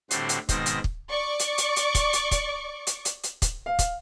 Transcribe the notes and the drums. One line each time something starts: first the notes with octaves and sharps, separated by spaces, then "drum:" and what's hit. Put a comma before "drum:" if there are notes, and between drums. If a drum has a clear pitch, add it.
A2 D3 G3 C4 F#4 C6, drum: hi-hat
drum: hi-hat
G#2 B2 D#3 C4 C5 A#6, drum: kick, hi-hat
drum: hi-hat
drum: kick
D5 C#6 D6
drum: hi-hat
drum: hi-hat
drum: hi-hat
drum: kick, hi-hat
drum: hi-hat
drum: kick, hi-hat
drum: hi-hat
drum: hi-hat
drum: hi-hat
drum: kick, hi-hat
F5
drum: kick, hi-hat